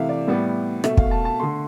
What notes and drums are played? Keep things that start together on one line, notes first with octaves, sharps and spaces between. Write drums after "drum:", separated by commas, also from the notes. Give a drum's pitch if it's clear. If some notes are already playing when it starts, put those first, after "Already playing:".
Already playing: C3 E3 A3 E5 F5
D5
A2 G3 B3
B2 A3 E5, drum: rim click
F5, drum: kick
A5
A5
D3 A3 C6